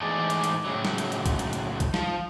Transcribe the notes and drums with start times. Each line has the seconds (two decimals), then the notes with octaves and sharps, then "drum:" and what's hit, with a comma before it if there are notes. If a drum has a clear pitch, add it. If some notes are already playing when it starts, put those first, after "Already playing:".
0.01 G#2 E3 A3 G#4 D5
0.30 drum: hi-hat
0.44 drum: hi-hat
0.65 A2 C#3 F#3
0.85 drum: snare
0.98 drum: hi-hat
1.12 drum: hi-hat
1.26 drum: kick, hi-hat
1.39 drum: hi-hat
1.53 drum: hi-hat
1.80 drum: kick, hi-hat
1.94 F3, drum: snare